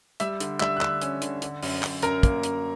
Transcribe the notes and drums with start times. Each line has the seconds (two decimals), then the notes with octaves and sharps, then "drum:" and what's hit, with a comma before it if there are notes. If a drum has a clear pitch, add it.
0.20 G3 E5 E6, drum: hi-hat
0.40 D3, drum: hi-hat
0.60 G3 E5 E6, drum: clap
0.76 F#6
0.81 D3 E5 E6, drum: clap
1.02 C#4, drum: hi-hat
1.22 D3, drum: hi-hat
1.42 D3, drum: hi-hat
1.63 F#2, drum: open hi-hat
1.83 F#2, drum: clap
2.02 F#2 A#4 A#5, drum: hi-hat
2.23 A#3, drum: kick, hi-hat
2.43 F#2, drum: hi-hat